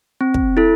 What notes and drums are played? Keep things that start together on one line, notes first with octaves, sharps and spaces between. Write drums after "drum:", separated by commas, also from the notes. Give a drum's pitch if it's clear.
C4
drum: kick
E4 A4